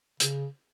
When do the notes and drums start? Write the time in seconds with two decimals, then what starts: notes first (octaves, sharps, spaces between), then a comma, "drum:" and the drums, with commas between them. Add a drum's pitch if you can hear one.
0.20 C#3, drum: hi-hat